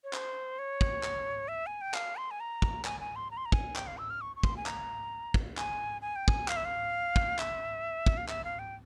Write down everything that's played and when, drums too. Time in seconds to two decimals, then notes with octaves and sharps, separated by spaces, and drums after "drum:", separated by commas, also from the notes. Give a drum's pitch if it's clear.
0.04 C#5
0.13 C5, drum: clap
0.59 C#5
0.81 drum: kick
1.03 drum: clap
1.48 E5
1.66 G#5
1.81 G5
1.94 F5, drum: clap
2.17 C6
2.31 G#5
2.40 A#5
2.62 drum: kick
2.85 G#5, drum: clap
3.00 G#5
3.16 C6
3.31 A#5
3.37 C6
3.45 A#5
3.52 G#5, drum: kick
3.76 G5, drum: clap
3.87 F5
3.98 E6
4.10 F6
4.21 C#6
4.36 C#6
4.43 C6, drum: kick
4.57 G#5
4.66 A#5, drum: clap
5.34 drum: kick
5.57 G#5, drum: clap
6.02 G#5
6.16 G5
6.28 G#5, drum: kick
6.48 F5, drum: clap
6.56 E5
6.65 F5
7.16 drum: kick
7.39 E5, drum: clap
8.06 drum: kick
8.17 F5
8.29 E5, drum: clap
8.44 F5
8.59 G5